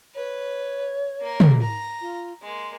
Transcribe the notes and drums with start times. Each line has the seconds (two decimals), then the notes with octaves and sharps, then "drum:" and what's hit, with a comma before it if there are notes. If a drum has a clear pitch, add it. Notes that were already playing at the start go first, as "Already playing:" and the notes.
0.15 B4 C#5
1.21 A#3 A#4
1.40 drum: tom
1.62 A#5
2.01 F4
2.43 G#3 A#3 C6